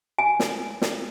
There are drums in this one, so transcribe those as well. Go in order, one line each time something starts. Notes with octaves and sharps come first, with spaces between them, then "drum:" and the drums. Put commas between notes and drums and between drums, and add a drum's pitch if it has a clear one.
G#5
drum: snare
drum: snare